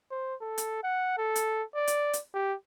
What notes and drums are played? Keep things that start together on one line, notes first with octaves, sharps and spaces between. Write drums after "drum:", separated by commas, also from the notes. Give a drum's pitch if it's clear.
C5
A4
drum: hi-hat
F#5
A4
drum: hi-hat
D5
drum: hi-hat
drum: hi-hat
G4